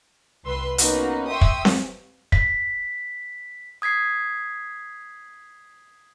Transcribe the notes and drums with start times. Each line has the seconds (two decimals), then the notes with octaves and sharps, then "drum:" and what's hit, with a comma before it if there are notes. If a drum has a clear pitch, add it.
0.45 C2 B4 C6 E6
0.78 A#3 B3 C#4 D#4 F#4, drum: hi-hat
1.29 E5 G5 C6 C#6 D#6 E6
1.41 drum: kick
1.65 drum: snare C4
2.32 B6, drum: kick
3.82 D#6 G#6 B6 C7